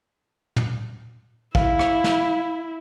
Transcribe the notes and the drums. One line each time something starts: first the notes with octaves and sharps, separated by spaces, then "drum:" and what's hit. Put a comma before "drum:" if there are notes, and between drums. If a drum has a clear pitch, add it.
drum: tom
E4 F5, drum: kick
drum: rim click
drum: snare